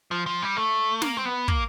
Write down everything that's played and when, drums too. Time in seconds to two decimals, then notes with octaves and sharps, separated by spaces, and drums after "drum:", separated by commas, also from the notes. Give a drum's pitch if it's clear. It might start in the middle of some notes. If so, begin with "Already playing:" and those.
0.11 F3
0.26 F3
0.42 G3
0.56 A3
1.02 A#3, drum: snare
1.17 C4
1.25 B3
1.48 A#3, drum: kick